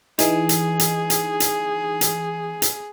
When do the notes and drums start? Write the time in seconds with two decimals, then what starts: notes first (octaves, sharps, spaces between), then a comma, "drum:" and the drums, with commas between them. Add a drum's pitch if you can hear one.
0.19 E3 D#4 G#4, drum: hi-hat
0.49 drum: hi-hat
0.79 drum: hi-hat
1.10 drum: hi-hat
1.40 drum: hi-hat
2.01 drum: hi-hat
2.62 drum: hi-hat